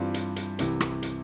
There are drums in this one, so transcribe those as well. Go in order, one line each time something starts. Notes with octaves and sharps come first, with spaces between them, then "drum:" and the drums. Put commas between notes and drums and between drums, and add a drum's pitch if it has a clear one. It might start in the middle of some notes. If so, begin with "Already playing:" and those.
Already playing: G2 E3 G3 C4 F4
drum: hi-hat
drum: hi-hat
C2 C3 E3, drum: hi-hat
drum: rim click
drum: hi-hat